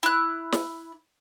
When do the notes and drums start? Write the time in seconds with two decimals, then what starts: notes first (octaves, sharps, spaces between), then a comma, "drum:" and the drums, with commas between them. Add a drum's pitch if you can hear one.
0.03 E4 F#6
0.52 drum: snare